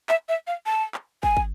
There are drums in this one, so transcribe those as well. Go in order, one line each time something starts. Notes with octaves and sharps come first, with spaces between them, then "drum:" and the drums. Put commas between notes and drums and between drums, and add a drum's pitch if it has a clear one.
E5, drum: clap
E5
F5
A5
drum: clap
G#5, drum: kick
drum: kick